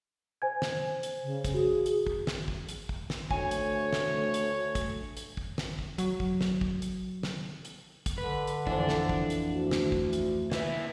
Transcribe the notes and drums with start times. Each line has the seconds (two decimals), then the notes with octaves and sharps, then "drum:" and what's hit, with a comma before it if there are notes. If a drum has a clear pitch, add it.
0.42 C5 G#5 G#6
0.62 drum: snare
1.03 drum: hi-hat
1.23 C#3
1.45 drum: kick, hi-hat
1.54 F#4 G#4
1.86 drum: hi-hat
2.07 drum: kick
2.27 drum: snare
2.48 drum: kick
2.69 drum: hi-hat
2.89 drum: kick
3.10 drum: snare
3.31 D2 A3 C#5 G#5, drum: kick
3.51 drum: hi-hat
3.93 drum: snare
4.34 drum: hi-hat
4.75 drum: kick, hi-hat
5.17 drum: hi-hat
5.37 drum: kick
5.58 drum: snare
5.79 drum: kick
5.98 F#3, drum: hi-hat
6.20 drum: kick
6.41 drum: snare
6.61 drum: kick
6.82 drum: hi-hat
7.23 drum: snare
7.65 drum: hi-hat
8.06 drum: kick, hi-hat
8.18 D3 B4
8.47 drum: hi-hat
8.67 F2 E3 D4, drum: kick
8.89 drum: snare
9.09 drum: kick
9.30 drum: hi-hat
9.45 D2
9.71 drum: snare
9.92 drum: kick
10.13 drum: hi-hat
10.52 A#3 E4 B4 E5, drum: snare